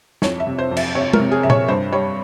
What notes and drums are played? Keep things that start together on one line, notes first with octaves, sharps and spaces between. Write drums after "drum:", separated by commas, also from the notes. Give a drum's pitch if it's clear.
F2 C#5, drum: snare
E5
C3
C5
F2
E5, drum: cymbal
C3 C#5
A#4, drum: tom G#3
C3
G#4
C3 E5
C#5, drum: tom A#2
G2 C5
G3 C#5